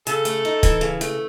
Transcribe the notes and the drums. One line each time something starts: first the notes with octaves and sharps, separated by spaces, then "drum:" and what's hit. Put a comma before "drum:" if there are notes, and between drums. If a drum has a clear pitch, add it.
C#3 A4, drum: hi-hat
A3, drum: hi-hat
D#4
E3, drum: kick, hi-hat
C#3
A3, drum: hi-hat